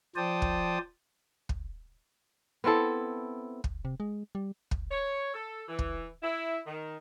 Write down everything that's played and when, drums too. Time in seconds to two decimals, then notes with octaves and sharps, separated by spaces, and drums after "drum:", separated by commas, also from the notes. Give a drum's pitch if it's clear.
0.16 F3 C5 D5 G5 A5 D#6
0.42 drum: kick
1.49 drum: kick
2.64 B3 C4 E4 A4
3.64 drum: kick
3.85 C3
4.00 G#3
4.35 G3
4.71 drum: kick
4.90 C#5
5.34 A4
5.68 E3
5.79 drum: kick
6.22 E4
6.66 D#3